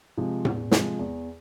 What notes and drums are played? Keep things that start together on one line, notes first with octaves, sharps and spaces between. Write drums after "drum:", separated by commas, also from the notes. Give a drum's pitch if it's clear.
C3 F3 G#3
E2, drum: tom A2
C3 F3 G#3, drum: snare
E2